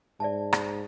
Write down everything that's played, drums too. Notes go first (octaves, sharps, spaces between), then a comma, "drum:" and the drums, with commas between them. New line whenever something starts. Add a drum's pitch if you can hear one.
G#2 D5 E5 A5
drum: rim click